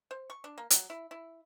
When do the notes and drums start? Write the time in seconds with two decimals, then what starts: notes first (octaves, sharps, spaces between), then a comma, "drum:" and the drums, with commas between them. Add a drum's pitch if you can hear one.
0.11 C5
0.30 C#6
0.44 D4
0.58 A#3
0.70 F#3, drum: hi-hat
0.90 E4
1.11 E4